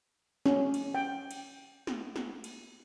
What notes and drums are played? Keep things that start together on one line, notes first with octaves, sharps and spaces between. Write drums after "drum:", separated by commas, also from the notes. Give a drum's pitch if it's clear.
C#4, drum: snare
drum: cymbal
G5
drum: cymbal
drum: snare
drum: snare
drum: cymbal